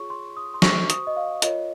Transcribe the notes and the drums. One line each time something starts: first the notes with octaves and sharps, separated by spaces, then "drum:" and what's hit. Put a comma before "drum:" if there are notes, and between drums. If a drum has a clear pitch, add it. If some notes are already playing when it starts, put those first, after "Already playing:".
Already playing: F4 G#4 C#5 C#6
C6
D#6
C6
F#4 C5 C#6, drum: snare
D#6, drum: hi-hat
D#5
F5
F4 A#4 C#5 D#5, drum: hi-hat